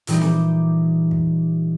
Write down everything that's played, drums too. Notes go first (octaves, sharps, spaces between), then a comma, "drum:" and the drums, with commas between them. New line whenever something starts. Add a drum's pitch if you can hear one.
A#2 E3 G3 D#4 G4, drum: hi-hat
drum: snare
drum: kick